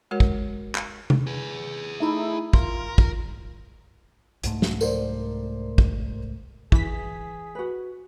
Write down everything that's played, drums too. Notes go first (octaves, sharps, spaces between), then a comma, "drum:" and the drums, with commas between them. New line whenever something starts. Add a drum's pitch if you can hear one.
G#3 F#4 A#4 C#5
drum: kick
drum: clap
drum: tom C3
G#4 B4
A3 D#4 E4
F4 A#4, drum: kick
drum: kick
C2 G#2 A3, drum: hi-hat
drum: snare
A#4 C5 D5, drum: tambourine
drum: kick
E3 G#4 B6, drum: kick
F#4 B4